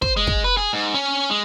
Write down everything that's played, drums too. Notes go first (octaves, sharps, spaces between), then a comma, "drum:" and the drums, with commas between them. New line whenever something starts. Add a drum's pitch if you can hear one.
C5, drum: kick
G#3
drum: kick
B4
G#4
G#2
C#4
G#3